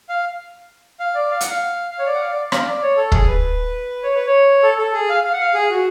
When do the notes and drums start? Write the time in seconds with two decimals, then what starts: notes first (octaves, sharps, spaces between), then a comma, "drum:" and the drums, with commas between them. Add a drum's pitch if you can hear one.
0.09 F5
1.00 F5
1.15 D5
1.31 F5
1.41 F#5, drum: hi-hat
1.50 F5
1.91 F5
1.99 C#5
2.06 D5
2.15 F#5
2.21 F5
2.31 D5
2.52 F5, drum: rim click
2.67 D5
2.82 C#5
2.96 A4
3.12 G#4, drum: kick
3.27 B4
4.03 C#5
4.15 B4
4.26 C#5
4.63 A4
4.78 A4
4.94 G#4
5.09 F5
5.24 F5
5.33 F#5
5.41 F5
5.55 G#4
5.70 F#4